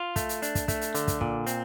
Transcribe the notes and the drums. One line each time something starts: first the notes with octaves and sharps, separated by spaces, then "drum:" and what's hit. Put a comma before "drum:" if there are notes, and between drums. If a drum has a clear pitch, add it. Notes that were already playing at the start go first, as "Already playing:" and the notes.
Already playing: F4
A3, drum: kick, hi-hat
drum: hi-hat
D4, drum: hi-hat
drum: kick, hi-hat
A3, drum: kick, hi-hat
drum: hi-hat
D3, drum: hi-hat
drum: kick, hi-hat
A#2, drum: kick
C4, drum: hi-hat